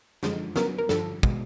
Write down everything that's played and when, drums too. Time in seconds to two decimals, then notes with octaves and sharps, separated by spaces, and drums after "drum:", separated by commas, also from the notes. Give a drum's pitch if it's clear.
0.23 F#2 D3 F3 G#3, drum: snare
0.56 C#3 F#3 B3 A#4, drum: snare
0.78 A#4
0.89 G2 D3 F3 A4, drum: snare
1.23 B2 G#3, drum: kick